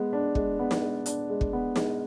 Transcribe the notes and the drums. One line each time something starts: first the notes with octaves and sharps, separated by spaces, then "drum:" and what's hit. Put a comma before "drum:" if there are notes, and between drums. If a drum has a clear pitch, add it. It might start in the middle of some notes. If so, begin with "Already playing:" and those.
Already playing: G#3 B3
D4
G#3, drum: kick
B3
drum: snare
G#3
D4, drum: hi-hat
G#3
drum: kick
B3
G#3, drum: snare